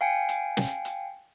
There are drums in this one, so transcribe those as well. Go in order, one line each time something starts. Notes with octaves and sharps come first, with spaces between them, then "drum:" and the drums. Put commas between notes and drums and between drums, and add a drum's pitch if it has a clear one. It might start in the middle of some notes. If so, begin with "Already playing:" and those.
F5 G5 G#5 C#7
drum: hi-hat
drum: snare
drum: hi-hat